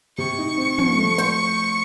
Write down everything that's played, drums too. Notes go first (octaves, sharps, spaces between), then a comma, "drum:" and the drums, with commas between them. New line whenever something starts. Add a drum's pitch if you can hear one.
C3 C#6
D#4
C4
F3, drum: tom
A3
C5, drum: hi-hat